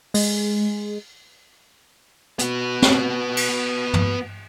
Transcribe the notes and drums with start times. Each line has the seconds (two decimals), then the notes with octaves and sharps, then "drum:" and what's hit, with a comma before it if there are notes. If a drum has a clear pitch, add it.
0.14 G#3, drum: open hi-hat
2.39 B3 F#4, drum: hi-hat
2.82 drum: snare
3.37 drum: cymbal
3.94 drum: tom